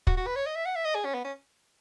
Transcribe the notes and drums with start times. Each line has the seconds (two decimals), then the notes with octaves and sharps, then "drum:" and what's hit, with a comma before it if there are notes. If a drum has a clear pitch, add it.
0.07 F#4, drum: kick
0.17 F#4
0.26 B4
0.36 C#5
0.46 D#5
0.56 E5
0.66 F#5
0.76 E5
0.85 D#5
0.95 G#4
1.05 C#4
1.14 B3
1.25 C#4